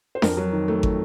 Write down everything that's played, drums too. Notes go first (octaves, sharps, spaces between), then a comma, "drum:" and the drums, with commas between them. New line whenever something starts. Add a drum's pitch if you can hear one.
C5
F2 A#4, drum: snare D4
F#3
D#3
A3
drum: kick